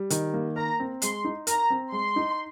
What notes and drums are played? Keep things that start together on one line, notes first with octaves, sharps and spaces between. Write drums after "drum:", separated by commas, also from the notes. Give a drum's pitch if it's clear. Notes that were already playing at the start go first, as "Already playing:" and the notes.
Already playing: G3
D#3, drum: hi-hat
A#3
A#4 A#5
C4
G#3 C6, drum: hi-hat
D#4
A#4 A#5, drum: hi-hat
C4
G#3 C6
D#4